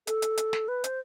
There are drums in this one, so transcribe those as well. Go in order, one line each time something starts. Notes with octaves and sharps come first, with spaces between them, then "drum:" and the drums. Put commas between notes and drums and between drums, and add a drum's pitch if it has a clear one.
A4, drum: hi-hat
drum: hi-hat
drum: hi-hat
drum: snare
B4
C5, drum: hi-hat